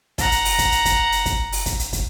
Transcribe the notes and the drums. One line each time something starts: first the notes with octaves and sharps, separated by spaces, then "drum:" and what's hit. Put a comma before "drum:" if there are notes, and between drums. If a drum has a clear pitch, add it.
F#5 A#5, drum: kick, hi-hat
drum: hi-hat
drum: open hi-hat
drum: kick, hi-hat
drum: hi-hat
drum: kick, hi-hat
drum: hi-hat
drum: kick, hi-hat
drum: open hi-hat
drum: kick, hi-hat
drum: hi-hat
drum: kick, hi-hat